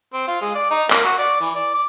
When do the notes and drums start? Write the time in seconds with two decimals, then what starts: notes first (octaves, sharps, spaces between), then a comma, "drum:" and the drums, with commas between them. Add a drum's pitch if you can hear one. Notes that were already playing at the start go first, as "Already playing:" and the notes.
0.13 C4
0.28 F4
0.41 G#3
0.55 D5
0.71 D#4
0.90 A#3, drum: clap
1.05 F#4
1.18 D5
1.41 E3
1.55 D5
1.74 D6